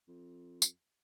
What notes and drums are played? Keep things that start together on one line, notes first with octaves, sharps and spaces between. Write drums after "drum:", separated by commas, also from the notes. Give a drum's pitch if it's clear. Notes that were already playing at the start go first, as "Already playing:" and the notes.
F2
drum: tambourine